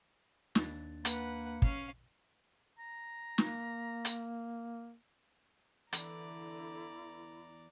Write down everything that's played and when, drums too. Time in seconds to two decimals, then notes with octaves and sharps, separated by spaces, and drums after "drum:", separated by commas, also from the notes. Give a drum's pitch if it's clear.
0.55 D#2 D4 A6, drum: snare
1.05 A#3 B4 F#5, drum: hi-hat
1.62 C#4 F5, drum: kick
2.79 A#5
3.38 A#3, drum: snare
4.05 drum: hi-hat
5.93 E2 D3 E3 E4 D5 A#5, drum: hi-hat